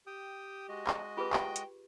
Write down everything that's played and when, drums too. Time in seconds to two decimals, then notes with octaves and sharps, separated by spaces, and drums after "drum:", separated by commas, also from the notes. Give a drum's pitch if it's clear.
0.07 G4 G5 D#6
0.69 G#3 F#4 D#5
0.87 drum: clap
1.17 F4 G4 G#4 B4
1.33 G4 G5, drum: clap
1.56 drum: hi-hat